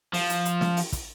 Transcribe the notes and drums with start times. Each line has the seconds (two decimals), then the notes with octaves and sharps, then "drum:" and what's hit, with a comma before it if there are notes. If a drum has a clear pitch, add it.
0.14 F3, drum: open hi-hat
0.30 drum: hi-hat
0.45 drum: hi-hat
0.61 drum: snare
0.77 drum: open hi-hat
0.92 drum: kick, hi-hat